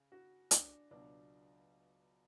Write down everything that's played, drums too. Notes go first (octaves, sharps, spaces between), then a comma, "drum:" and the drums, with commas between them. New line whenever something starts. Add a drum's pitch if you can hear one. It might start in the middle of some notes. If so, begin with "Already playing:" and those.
Already playing: C#3
F#4
D4, drum: hi-hat
C#2 B2 F#3 D4